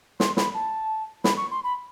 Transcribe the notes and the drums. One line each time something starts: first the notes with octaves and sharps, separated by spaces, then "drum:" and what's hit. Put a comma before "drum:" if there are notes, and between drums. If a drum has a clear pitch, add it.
C6, drum: snare
B5, drum: snare
A5
B5, drum: snare
C#6
C6
B5